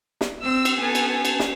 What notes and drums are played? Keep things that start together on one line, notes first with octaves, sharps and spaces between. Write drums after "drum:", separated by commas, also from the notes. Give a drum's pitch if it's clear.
drum: snare
C4 E6
drum: cymbal
B3 A4 G#5
drum: cymbal
drum: cymbal
drum: snare